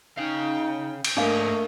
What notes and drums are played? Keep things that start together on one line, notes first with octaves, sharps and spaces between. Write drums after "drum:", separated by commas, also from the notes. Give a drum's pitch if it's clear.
C#3 D#4 F5 G5
drum: cymbal
G#2 A3 A#3 D4 D5 D#5 F5